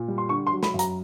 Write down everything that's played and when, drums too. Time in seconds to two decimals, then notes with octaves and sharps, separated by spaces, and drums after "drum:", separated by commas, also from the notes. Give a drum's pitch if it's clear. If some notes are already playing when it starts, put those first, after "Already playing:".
Already playing: A#2
0.08 G3
0.18 C6
0.29 D3 C#6
0.47 C6
0.52 F#3
0.63 B5, drum: snare
0.74 F#2
0.79 A#5, drum: hi-hat